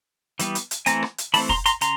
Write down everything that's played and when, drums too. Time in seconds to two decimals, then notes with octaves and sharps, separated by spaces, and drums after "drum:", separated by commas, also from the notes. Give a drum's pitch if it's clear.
0.39 E3 G3 B3, drum: hi-hat
0.55 drum: hi-hat
0.71 drum: hi-hat
0.86 E3 A3 C4 G#5 A#5, drum: hi-hat
1.03 drum: rim click
1.18 drum: hi-hat
1.34 E3 A3 C4 A5 B5, drum: open hi-hat
1.49 A#5 C6, drum: kick
1.66 A#5 C6, drum: hi-hat
1.81 C#3 A#5 C6, drum: hi-hat